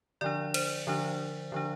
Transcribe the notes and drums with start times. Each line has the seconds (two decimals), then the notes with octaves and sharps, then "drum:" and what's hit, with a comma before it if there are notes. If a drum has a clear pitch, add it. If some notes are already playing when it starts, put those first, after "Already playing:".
0.21 D3 F3 D4 D5
0.54 C5, drum: cymbal
0.87 D3 F3 D4
1.52 D3 F3 D4